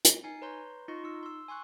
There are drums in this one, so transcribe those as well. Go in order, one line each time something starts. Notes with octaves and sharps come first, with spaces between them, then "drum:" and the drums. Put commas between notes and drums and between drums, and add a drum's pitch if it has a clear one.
drum: hi-hat
D#4 G#5 C7
B4 C#5 A#5 C6 G6
D#4 F4 D#5 C6 C#6
D#4 E6
C6 E6
G#5 C6 C#6 F#6